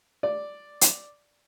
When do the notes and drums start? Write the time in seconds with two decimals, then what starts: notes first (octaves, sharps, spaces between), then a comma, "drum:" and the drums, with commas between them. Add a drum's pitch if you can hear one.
0.23 D5
0.81 drum: hi-hat